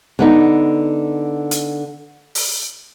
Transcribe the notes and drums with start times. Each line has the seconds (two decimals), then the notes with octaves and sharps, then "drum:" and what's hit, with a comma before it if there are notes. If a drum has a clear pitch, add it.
0.19 D3 B3 D#4
1.51 drum: hi-hat
2.35 drum: open hi-hat